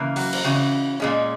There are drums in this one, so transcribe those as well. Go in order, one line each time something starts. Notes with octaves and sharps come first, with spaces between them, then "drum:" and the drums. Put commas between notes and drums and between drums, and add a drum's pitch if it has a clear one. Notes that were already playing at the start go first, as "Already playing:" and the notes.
Already playing: C#3 E3 A#3 C#4
F#3 F#4, drum: open hi-hat
drum: cymbal
C#3 E3 C#4 F#4
A#2 G#3 C#4